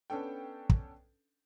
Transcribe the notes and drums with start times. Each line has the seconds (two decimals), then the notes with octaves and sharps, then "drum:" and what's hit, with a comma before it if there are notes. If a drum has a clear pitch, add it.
0.10 B3 C#4 D4 A4 G5
0.70 drum: kick